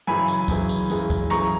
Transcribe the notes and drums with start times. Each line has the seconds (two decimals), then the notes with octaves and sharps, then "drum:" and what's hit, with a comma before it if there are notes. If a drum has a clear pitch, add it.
0.07 F#2 C#3 E3 G#3 G#5 B5
0.28 drum: tambourine
0.48 F#2 C#3 E3 G#3, drum: kick, tambourine
0.69 drum: tambourine
0.90 F#2 C#3 E3 G#3, drum: tambourine
1.10 drum: kick, tambourine
1.30 F#2 C#3 E3 G#3 A#5 C#6, drum: tambourine